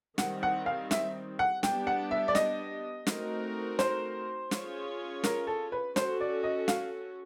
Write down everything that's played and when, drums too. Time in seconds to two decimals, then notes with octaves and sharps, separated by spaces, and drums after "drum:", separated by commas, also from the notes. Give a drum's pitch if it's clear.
0.18 D#3 G3 C4 F#5, drum: snare
0.43 F#5
0.66 F5
0.91 E5, drum: snare
1.39 F#5
1.63 G3 B3 D4 G4 G5, drum: snare
1.87 F#5
2.11 E5
2.28 D5
2.35 D#5, drum: snare
3.07 A3 C4 D#4 F#4 A#4, drum: snare
3.79 C5, drum: snare
4.51 C#4 F4 G#4 C#5, drum: snare
5.24 A#4, drum: snare
5.47 A4
5.72 B4
5.96 C#4 F#4 A4 C5, drum: snare
6.20 D5
6.43 D#5
6.68 F5, drum: snare